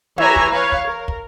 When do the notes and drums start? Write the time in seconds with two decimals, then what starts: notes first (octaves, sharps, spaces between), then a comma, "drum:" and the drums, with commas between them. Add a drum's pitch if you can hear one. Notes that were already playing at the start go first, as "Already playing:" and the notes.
0.18 E3 G4 C#5 E5 G#5 A#5, drum: tom
0.36 drum: kick
0.50 B4 C#5 F5
0.72 drum: kick
0.87 A#4
1.08 drum: kick